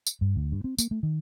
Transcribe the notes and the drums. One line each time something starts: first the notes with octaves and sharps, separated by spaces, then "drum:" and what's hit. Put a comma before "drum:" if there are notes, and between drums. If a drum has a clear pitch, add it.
drum: tambourine
G2
D2
G2
C4
A#3, drum: tambourine
A3
D#3